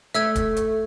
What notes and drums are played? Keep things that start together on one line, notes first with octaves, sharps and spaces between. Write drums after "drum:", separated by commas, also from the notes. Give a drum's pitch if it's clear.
A3 E5 E6 G#6, drum: hi-hat
drum: kick D1, hi-hat
drum: hi-hat